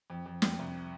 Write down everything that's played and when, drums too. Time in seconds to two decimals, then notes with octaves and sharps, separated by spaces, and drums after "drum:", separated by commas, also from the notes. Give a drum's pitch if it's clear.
0.10 F2
0.26 F2
0.42 F2, drum: snare
0.59 C2